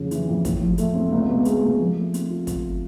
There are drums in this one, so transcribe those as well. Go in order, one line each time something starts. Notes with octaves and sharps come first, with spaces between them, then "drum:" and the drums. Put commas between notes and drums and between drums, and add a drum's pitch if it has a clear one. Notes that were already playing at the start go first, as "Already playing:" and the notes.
Already playing: F2 C#3
E3, drum: hi-hat
F2
A2, drum: kick, hi-hat
F3
A3, drum: hi-hat
C4
C#2
B2
G#3, drum: hi-hat
C#2
F3
A3
C4, drum: hi-hat
F4
drum: kick, hi-hat